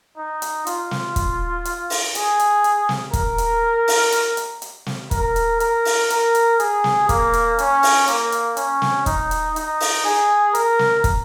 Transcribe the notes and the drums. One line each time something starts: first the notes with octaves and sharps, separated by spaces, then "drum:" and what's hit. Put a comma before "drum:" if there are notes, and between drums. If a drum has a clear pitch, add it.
D#4
drum: hi-hat
F4, drum: hi-hat
drum: snare
drum: kick, hi-hat
drum: hi-hat
drum: open hi-hat
G#4, drum: hi-hat
drum: hi-hat
drum: hi-hat
drum: snare
A#4, drum: kick, hi-hat
drum: hi-hat
drum: open hi-hat
drum: hi-hat
drum: hi-hat
drum: hi-hat
drum: snare
A#4, drum: kick, hi-hat
drum: hi-hat
A#4, drum: hi-hat
drum: open hi-hat
A#4, drum: hi-hat
drum: hi-hat
G#4, drum: hi-hat
drum: snare
A#3, drum: kick, hi-hat
drum: hi-hat
C#4, drum: hi-hat
drum: open hi-hat
A#3, drum: hi-hat
drum: hi-hat
C#4, drum: hi-hat
drum: snare
D#4, drum: kick, hi-hat
drum: hi-hat
D#4, drum: hi-hat
drum: open hi-hat
G#4
A#4, drum: hi-hat
drum: snare
drum: kick, hi-hat